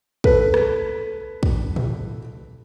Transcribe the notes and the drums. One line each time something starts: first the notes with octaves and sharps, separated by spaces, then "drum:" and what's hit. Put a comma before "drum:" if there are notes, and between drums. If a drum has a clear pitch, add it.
A4 B4, drum: kick
drum: rim click
drum: kick
drum: tom A2